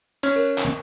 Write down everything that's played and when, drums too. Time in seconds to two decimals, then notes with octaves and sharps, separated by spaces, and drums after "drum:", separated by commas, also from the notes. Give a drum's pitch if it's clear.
0.23 C#4 C#5, drum: cymbal
0.36 A#4
0.58 drum: clap